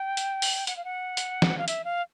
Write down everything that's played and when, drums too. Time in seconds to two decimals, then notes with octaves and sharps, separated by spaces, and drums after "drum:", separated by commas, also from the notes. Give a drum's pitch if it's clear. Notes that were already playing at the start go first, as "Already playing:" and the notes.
Already playing: G5
0.17 drum: hi-hat
0.42 drum: open hi-hat
0.67 F#5, drum: hi-hat
0.76 F5
0.84 F#5
1.17 drum: hi-hat
1.42 drum: snare
1.58 F5
1.68 E5, drum: hi-hat
1.84 F5